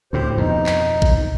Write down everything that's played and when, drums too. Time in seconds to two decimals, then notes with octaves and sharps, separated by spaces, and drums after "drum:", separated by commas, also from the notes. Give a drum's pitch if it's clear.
0.13 D2 A2 G4 C5
0.37 F2 B2 D#4
0.66 drum: clap
1.02 drum: kick A1